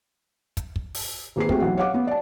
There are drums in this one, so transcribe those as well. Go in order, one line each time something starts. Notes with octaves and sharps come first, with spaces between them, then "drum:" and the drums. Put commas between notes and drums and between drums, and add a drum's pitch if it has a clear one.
drum: kick, hi-hat
drum: kick
drum: open hi-hat
G#1 A#3 G#4 B4 C7
A3 C4 F#4 G#4, drum: kick
B1 E3 F#5
C#5 F5 F#5 D6
B3
D5 A5